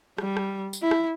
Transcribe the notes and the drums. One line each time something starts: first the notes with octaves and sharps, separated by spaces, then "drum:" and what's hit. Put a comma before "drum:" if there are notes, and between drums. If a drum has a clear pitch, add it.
G3, drum: rim click
drum: rim click
drum: tambourine
E4
drum: rim click